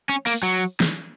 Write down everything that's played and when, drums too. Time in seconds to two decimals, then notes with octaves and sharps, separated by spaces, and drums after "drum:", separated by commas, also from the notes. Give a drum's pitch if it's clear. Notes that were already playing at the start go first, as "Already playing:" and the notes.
0.09 C#4
0.26 A#3, drum: open hi-hat
0.43 F#3
0.80 drum: snare